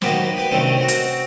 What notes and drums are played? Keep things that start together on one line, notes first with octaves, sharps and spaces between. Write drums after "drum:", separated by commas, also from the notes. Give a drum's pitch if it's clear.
D#3 F#3 A#3 B3 G4 C5, drum: snare
G4 B4 G5 G#5
G2 C3 D#3 A3 C4 C#4
C4 F#4
drum: hi-hat